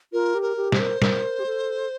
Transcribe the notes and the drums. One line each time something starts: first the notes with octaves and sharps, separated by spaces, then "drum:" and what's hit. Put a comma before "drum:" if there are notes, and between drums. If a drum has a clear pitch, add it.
F4 A#4
G4
A#4
G4
C5, drum: snare
A#4
A#4, drum: snare
G4
A4